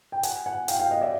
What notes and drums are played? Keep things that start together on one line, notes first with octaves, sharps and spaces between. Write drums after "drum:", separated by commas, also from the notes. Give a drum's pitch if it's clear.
G5
F#5 G#5, drum: hi-hat
F#5 G#5
F5 G5, drum: hi-hat
F5 G5
D#5 F5
D5 E5